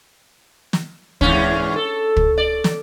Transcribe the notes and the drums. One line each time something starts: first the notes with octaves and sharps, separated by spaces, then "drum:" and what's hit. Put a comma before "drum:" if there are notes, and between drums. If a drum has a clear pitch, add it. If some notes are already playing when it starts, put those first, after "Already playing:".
drum: snare
E2 G#2 C#4, drum: kick
A4
drum: kick
D5
drum: snare